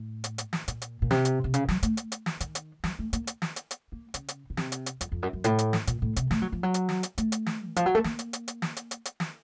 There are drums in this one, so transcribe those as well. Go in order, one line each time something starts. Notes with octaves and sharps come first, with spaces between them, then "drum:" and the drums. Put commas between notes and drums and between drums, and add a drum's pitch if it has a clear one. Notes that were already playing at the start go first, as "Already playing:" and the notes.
Already playing: A2
drum: hi-hat
drum: hi-hat
drum: snare
A#2, drum: hi-hat
drum: hi-hat
A#2
C3, drum: snare
drum: hi-hat
C3
C#3, drum: hi-hat
F#3, drum: snare
A3, drum: hi-hat
drum: hi-hat
drum: hi-hat
drum: snare
D#3, drum: hi-hat
drum: hi-hat
F#3, drum: snare
A3
A#3, drum: hi-hat
drum: hi-hat
drum: snare
drum: hi-hat
drum: hi-hat
A#3
C#3, drum: hi-hat
drum: hi-hat
C#3
C3, drum: snare
drum: hi-hat
drum: hi-hat
F2, drum: hi-hat
F2
F#2
F#2
A2, drum: hi-hat
drum: hi-hat
drum: snare
A#2, drum: hi-hat
A2
C3, drum: hi-hat
A3, drum: snare
F#3
F3
F#3
drum: hi-hat
drum: snare
drum: hi-hat
A3, drum: hi-hat
drum: hi-hat
drum: snare
D#3
F3, drum: hi-hat
F#3
A3
A#3, drum: snare
drum: hi-hat
drum: hi-hat
drum: hi-hat
drum: snare
drum: hi-hat
drum: hi-hat
drum: hi-hat
drum: snare